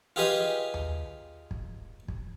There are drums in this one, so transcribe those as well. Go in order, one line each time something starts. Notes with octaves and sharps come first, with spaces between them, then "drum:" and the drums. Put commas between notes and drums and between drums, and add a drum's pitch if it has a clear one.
F4 G4 G#4 B4 D#5 F5
drum: tom D#2
drum: kick
drum: kick